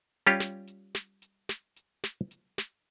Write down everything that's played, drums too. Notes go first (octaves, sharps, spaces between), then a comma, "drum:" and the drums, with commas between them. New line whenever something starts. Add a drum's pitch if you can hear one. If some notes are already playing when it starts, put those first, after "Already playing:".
G3 C#4 F4 G4
drum: snare
drum: hi-hat
drum: snare
drum: hi-hat
drum: snare
drum: hi-hat
drum: snare
drum: hi-hat
drum: snare